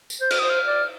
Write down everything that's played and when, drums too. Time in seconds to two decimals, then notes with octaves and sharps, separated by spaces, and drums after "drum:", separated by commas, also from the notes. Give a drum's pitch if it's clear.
0.10 drum: tambourine
0.21 C5 G6
0.31 F6, drum: cymbal
0.39 D#6
0.44 C5
0.49 F6
0.66 D5